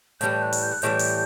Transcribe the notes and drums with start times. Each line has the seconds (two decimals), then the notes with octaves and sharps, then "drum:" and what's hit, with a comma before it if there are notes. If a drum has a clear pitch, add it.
0.21 A2 E3 G3 G6, drum: hi-hat
0.42 F#6
0.53 drum: open hi-hat
0.63 G6
0.72 F#6
0.82 A2 E3 G3 G6, drum: hi-hat
0.99 drum: open hi-hat